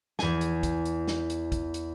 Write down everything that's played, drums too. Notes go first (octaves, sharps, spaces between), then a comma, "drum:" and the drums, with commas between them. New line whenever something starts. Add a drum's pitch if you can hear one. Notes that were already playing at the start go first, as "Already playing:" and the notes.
E2 G#5, drum: snare
drum: hi-hat
drum: kick, hi-hat
drum: hi-hat
drum: snare
drum: hi-hat
drum: kick, hi-hat
drum: hi-hat